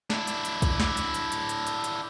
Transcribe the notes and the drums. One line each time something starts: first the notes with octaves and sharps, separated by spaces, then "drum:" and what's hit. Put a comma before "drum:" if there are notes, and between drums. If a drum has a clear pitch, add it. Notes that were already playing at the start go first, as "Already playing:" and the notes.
D4 E4, drum: snare
drum: hi-hat
drum: hi-hat
drum: kick, hi-hat
drum: snare
drum: hi-hat
drum: hi-hat
drum: hi-hat
drum: hi-hat
drum: hi-hat
drum: hi-hat